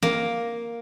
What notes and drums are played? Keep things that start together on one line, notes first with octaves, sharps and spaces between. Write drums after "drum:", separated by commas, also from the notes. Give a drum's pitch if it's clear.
A#3, drum: snare